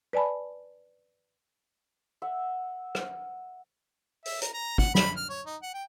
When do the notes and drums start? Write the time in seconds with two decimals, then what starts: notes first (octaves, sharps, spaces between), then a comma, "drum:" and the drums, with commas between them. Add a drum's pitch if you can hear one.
0.13 B4 D5 G#5 A5 B5
2.22 E5 F#5
2.95 drum: rim click
4.26 E5, drum: open hi-hat
4.42 A#4, drum: hi-hat
4.54 A#5
4.78 F#5, drum: kick
4.95 B5, drum: snare
5.17 F6
5.29 C#5
5.46 D#4
5.62 F#5
5.74 G5